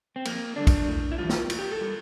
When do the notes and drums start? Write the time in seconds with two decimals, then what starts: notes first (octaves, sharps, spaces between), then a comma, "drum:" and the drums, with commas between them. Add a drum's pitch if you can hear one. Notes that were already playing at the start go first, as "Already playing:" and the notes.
0.16 C4
0.25 F2 A#3, drum: cymbal
0.56 D3 G3 D4
0.67 drum: kick, cymbal
0.88 A2
1.12 E4
1.18 E3 G3 F4
1.29 drum: snare
1.50 A2, drum: cymbal
1.59 G4
1.71 A4
1.81 G3